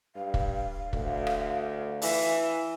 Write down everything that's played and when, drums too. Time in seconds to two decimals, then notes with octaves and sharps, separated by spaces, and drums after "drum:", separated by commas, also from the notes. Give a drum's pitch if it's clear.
0.16 G2 F5
0.34 drum: kick
0.93 D2, drum: kick
1.27 drum: rim click
2.02 E3, drum: open hi-hat